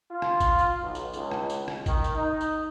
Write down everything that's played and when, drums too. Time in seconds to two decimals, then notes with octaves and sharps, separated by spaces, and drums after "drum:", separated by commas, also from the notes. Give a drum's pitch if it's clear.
0.10 F4
0.22 drum: rim click
0.40 drum: kick A1, tambourine
0.59 drum: tambourine
0.81 B1
0.95 drum: tambourine
1.13 C#2, drum: tambourine
1.31 drum: rim click
1.50 drum: tambourine
1.68 drum: rim click
1.86 D#3, drum: kick A1, tambourine
2.04 drum: tambourine
2.16 D#4
2.41 drum: tambourine